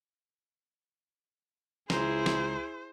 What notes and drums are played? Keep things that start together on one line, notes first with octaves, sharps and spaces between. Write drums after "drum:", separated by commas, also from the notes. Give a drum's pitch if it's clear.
C#2 E4 G#4 C5 A#5 C6, drum: snare
drum: snare